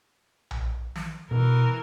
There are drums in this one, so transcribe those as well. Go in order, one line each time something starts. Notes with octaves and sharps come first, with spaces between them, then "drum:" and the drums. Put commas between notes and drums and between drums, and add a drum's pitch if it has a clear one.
drum: tom A#1
drum: snare
B2 E3 A#4